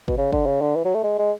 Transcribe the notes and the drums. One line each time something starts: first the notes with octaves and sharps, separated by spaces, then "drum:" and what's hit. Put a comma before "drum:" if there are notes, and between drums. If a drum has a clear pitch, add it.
B2, drum: kick
C#3
D3, drum: kick
C#3
D3
E3
F#3
A3
G#3
G#3